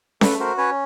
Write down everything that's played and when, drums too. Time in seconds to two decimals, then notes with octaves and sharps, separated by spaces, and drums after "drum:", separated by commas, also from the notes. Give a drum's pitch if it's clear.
0.21 A3 A4 B4, drum: snare C#4
0.40 F#4 A#4 C5
0.58 C#4 B4 C#5